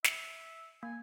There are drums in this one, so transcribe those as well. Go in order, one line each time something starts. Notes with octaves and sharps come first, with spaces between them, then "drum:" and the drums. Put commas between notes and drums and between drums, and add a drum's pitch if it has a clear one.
E5, drum: snare
A#3 G#5